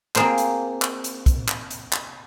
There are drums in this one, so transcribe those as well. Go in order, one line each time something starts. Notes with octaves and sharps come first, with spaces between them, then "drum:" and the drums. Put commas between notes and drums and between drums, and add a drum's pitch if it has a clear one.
A#3 C4 F4 G#4 A#4 C5, drum: clap
drum: hi-hat
drum: clap
drum: hi-hat
drum: kick, hi-hat
drum: clap
drum: hi-hat
drum: clap